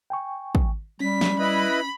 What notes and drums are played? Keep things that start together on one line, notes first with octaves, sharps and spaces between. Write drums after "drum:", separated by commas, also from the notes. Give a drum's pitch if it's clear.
G5 G#5 C#6
drum: kick
G3 C#4 B6
drum: snare
E4 B4 D#5 B5